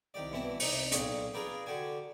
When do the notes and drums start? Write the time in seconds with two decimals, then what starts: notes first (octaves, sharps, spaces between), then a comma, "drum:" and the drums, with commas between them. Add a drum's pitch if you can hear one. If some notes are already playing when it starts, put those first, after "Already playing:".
0.14 C2 D#3 G4 D5
0.32 G2 B2 E3 C4 E4 A5
0.60 C2 D#4 D5, drum: open hi-hat
0.92 B1 A#2 C4 G#4 C#6, drum: hi-hat
1.33 F4 G#4 A#4 B4 D5 G5
1.66 D3 F#4 G4 D5 G#5